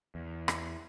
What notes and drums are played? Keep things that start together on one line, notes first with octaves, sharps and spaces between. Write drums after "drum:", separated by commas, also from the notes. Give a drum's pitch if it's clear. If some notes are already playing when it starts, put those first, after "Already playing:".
E2
drum: rim click